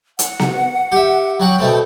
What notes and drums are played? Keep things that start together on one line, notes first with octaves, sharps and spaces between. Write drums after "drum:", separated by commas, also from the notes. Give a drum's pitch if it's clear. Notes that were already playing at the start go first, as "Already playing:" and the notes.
F#5, drum: hi-hat
drum: snare B3
G4 E5
F#3 F#4 F#5 G5
B2 A3 C4